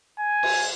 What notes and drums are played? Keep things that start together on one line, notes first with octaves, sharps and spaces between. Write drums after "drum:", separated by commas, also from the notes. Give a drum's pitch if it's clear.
G#5
drum: cymbal